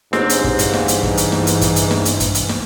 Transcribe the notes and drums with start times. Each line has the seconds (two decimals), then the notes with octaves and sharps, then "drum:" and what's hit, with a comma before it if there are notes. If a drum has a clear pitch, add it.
0.13 G1 G#2 C4, drum: snare
0.29 drum: hi-hat
0.44 drum: kick
0.59 G2 E3, drum: hi-hat
0.73 drum: snare
0.88 drum: hi-hat
1.03 drum: kick
1.17 drum: hi-hat
1.32 drum: snare
1.47 drum: hi-hat
1.61 drum: kick, hi-hat
1.76 drum: hi-hat
1.91 drum: snare
2.05 drum: hi-hat
2.20 drum: kick, hi-hat
2.35 drum: hi-hat
2.49 drum: snare